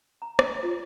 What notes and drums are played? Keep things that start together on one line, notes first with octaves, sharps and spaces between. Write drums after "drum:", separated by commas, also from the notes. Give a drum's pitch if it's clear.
A#5
D4, drum: rim click
F4